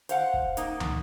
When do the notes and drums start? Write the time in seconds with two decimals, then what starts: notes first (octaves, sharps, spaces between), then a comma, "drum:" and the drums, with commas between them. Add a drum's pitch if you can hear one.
0.09 C5 F5 F#5, drum: hi-hat
0.34 drum: kick
0.57 A#3 D#4, drum: hi-hat
0.80 drum: tom